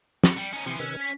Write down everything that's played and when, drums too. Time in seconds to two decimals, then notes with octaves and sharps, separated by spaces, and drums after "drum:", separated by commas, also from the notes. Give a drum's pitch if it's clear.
0.24 C#7, drum: snare
0.37 G3
0.53 C#4 D#4
0.66 C3 E3 F3 C4 G#5
0.79 C3 D#3 C#4 B4 E6
1.00 C#5 B6